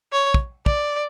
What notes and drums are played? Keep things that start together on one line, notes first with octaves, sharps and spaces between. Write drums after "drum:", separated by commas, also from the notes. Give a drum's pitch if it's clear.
C#5
drum: kick
D5, drum: kick